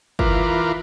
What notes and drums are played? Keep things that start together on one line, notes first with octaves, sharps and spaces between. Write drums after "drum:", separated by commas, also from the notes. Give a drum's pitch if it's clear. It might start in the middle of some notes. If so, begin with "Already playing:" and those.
E3 F4 A#4 B4 D6, drum: kick